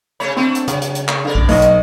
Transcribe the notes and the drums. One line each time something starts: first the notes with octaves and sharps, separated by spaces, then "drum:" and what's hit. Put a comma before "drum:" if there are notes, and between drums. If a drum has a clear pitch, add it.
C3 A3 C#5 B5
A3 C4 D4
drum: hi-hat
C#3 F#3, drum: hi-hat
drum: hi-hat
drum: hi-hat
drum: clap
A2 D3 A#4 D5
drum: kick A#1
B1 B4 D#5, drum: open hi-hat
drum: hi-hat